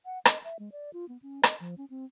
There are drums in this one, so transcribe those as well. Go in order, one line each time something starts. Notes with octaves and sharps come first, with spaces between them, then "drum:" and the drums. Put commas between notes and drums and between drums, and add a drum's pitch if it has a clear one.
F#5
D#5, drum: rim click
E5
G#3
D5
F4
B3
C#4
D#5, drum: rim click
F3
C#4
C4